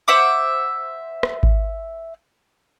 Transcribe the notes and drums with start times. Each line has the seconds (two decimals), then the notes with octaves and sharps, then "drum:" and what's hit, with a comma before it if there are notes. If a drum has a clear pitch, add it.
0.08 C5 E5 F#5 D6
1.23 drum: rim click
1.43 drum: kick G#1